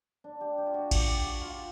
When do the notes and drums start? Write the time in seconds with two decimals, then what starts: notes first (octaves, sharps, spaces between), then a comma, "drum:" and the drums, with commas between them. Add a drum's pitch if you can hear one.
0.24 D4
0.41 G4
0.58 G4
0.66 F4
0.74 F#4
0.91 G4, drum: kick A1, cymbal
1.07 G4
1.24 F#4
1.41 F4